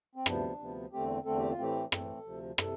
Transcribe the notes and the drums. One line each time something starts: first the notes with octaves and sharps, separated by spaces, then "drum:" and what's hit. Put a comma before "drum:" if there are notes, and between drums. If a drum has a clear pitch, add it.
C4
D2 C3 F3 B3 D4, drum: rim click
D2 C3 F3 B3
E2 D3 A3 C4 G4
E2 D3 A3 C4 A4
G4
F4
A2 E3 A3 C4 G4
A2 E3 A3 C4 A4, drum: rim click
D2 C3 F3
C3 A4, drum: rim click